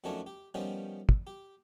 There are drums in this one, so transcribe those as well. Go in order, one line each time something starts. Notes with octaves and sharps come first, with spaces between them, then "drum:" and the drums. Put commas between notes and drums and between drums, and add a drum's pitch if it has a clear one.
F2 D#3 F#3 A3 C#4 D4
G4
D#3 F3 G3 B3 C#4
drum: kick
G4